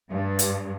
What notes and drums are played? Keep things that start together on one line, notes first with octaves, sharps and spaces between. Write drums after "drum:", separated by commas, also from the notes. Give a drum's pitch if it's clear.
G2
drum: hi-hat